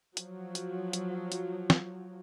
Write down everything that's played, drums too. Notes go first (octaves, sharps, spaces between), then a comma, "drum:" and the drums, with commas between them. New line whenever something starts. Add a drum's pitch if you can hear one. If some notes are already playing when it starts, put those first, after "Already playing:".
F3 F#3, drum: hi-hat
drum: hi-hat
drum: hi-hat
drum: hi-hat
drum: snare